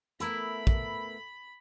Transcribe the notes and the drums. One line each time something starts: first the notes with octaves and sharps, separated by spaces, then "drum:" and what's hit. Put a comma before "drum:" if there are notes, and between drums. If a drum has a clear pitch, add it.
A3 B3 E4 A#4 B5, drum: hi-hat
drum: kick